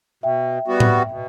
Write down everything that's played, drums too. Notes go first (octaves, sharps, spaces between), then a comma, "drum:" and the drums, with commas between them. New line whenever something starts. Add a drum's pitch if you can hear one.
B2 E5 G5
G3 B3 F#4
drum: tom A2
B2